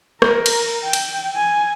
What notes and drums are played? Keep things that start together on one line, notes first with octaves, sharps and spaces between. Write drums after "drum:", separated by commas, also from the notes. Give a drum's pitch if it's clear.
A#4, drum: rim click
drum: cymbal
G5
drum: cymbal
G#5